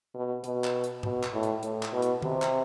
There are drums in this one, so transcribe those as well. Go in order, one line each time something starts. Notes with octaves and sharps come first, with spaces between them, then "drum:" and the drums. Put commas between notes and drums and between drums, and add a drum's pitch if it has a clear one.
B2
B2, drum: hi-hat
drum: clap
drum: hi-hat
B2, drum: tom G#2
drum: clap
A2
drum: hi-hat
A2, drum: hi-hat
drum: clap
B2
drum: hi-hat
C3, drum: tom D#3
drum: clap